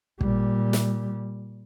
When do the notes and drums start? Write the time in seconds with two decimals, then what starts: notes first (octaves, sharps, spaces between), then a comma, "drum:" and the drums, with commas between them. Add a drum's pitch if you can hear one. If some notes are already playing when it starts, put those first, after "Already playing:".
0.21 A#2 G3, drum: kick
0.73 drum: snare